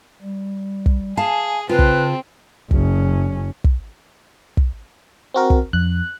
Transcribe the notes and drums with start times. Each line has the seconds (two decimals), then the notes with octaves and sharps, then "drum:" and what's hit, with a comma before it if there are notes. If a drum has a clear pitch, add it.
0.22 G3
0.86 drum: kick
1.17 G#4 F5 G#5 A5
1.69 C#3 C4 F4 B4 A5
1.79 drum: kick
2.71 F#1 C#4, drum: kick
3.64 drum: kick
4.57 drum: kick
5.34 C4 F#4 A#4
5.50 drum: kick
5.73 F2 F#6